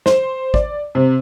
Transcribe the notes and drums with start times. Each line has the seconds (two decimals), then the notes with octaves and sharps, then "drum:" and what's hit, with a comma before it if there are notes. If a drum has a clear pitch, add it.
0.06 C5, drum: snare
0.54 D5, drum: kick
0.95 C3